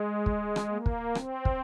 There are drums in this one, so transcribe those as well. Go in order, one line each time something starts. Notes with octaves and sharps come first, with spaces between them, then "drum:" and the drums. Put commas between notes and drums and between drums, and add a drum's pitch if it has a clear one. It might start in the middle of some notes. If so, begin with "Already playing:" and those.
Already playing: G#3
drum: kick
drum: rim click
A#3
drum: kick
C4, drum: rim click
drum: kick